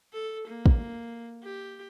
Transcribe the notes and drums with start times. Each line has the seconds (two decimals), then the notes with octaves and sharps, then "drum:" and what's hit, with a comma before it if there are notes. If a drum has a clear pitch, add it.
0.13 A4
0.47 A#3
0.66 drum: kick
1.43 G4